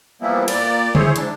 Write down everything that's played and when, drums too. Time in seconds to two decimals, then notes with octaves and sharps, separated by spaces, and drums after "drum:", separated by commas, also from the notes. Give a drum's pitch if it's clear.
0.21 E3 F3 G3 A#3 B3 E4
0.48 A#2 D5, drum: cymbal
0.95 E4 G#4 C5 C#5, drum: tom C#3
1.16 G#2 D4, drum: hi-hat